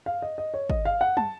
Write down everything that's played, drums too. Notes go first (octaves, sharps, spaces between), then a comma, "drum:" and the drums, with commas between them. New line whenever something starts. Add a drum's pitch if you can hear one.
F5
D#5
D#5
C#5
D#5, drum: kick
F5
F#5
A5, drum: tom